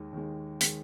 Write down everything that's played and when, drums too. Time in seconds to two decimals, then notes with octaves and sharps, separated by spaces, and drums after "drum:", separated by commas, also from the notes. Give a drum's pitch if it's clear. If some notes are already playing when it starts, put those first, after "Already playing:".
Already playing: D#2 D#3 G#3
0.13 D#2 D#3 G#3
0.61 D#3 G#3, drum: hi-hat